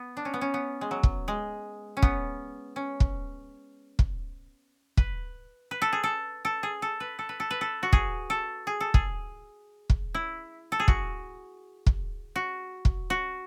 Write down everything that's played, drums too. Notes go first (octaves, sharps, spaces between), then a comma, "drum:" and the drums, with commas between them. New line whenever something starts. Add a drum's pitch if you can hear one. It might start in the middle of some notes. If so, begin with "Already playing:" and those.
Already playing: B3
D4
C#4
B3
C#4
B3
G#3
F#3
drum: kick
G#3
C#4
B3, drum: kick
C#4
drum: kick
drum: kick
B4, drum: kick
B4
A4
G#4
A4
A4
G#4
A4
B4
A4
B4
A4
B4
A4
F#4
G#4, drum: kick
A4
G#4
A4
G#4, drum: kick
drum: kick
E4
A4
G#4
F#4, drum: kick
drum: kick
F#4
drum: kick
F#4